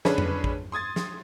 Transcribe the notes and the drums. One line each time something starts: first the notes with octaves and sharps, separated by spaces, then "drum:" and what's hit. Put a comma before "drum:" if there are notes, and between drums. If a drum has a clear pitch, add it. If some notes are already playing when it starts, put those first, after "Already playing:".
D3 C#4 D4 G#4 B4, drum: snare
drum: tom F2
drum: kick A1
C6 D#6 G#6 A6
drum: snare